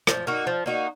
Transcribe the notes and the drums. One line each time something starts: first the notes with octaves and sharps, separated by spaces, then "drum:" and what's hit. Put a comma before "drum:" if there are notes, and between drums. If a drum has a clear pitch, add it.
F3, drum: rim click
A#3 D#4 F#4
F3
A#3 D#4 F#4